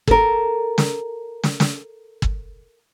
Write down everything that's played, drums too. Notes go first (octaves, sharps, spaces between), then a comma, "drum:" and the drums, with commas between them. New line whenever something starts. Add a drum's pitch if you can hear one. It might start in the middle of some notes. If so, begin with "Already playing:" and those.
A4 A#4, drum: kick
drum: snare
drum: snare
drum: snare
drum: kick